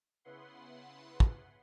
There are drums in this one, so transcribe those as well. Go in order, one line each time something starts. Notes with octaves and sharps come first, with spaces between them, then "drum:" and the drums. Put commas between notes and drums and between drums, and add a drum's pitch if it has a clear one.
C#3 B3 E4 B4 F#5 C6
drum: kick